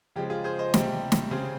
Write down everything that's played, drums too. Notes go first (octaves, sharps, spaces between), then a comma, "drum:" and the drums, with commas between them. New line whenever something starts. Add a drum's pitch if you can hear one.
C#3 F3 G#3 G4
F4 G#4
G#4 C5
C5 D#5
C3 G3 C4, drum: snare
drum: snare
C#3 G3 C4 G#4 C5